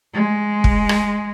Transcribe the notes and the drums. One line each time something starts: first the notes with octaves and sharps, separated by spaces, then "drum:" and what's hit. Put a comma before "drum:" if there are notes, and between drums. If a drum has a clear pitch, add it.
G#3
drum: kick
drum: rim click